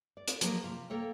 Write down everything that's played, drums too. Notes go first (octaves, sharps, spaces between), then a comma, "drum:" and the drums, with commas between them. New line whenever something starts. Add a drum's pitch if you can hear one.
D5
drum: hi-hat
F3 F#3 A#3 G#4, drum: hi-hat
C3 F4
A#3 A4 C#5 G5